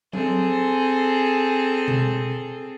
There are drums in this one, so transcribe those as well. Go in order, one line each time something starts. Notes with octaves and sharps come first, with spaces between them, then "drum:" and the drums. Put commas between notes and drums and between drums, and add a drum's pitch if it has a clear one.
C4 G#4 A4, drum: tom F#3
drum: tom B2